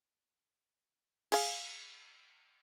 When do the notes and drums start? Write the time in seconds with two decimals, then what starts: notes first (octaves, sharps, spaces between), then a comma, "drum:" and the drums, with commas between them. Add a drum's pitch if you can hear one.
1.32 G#4 F5, drum: cymbal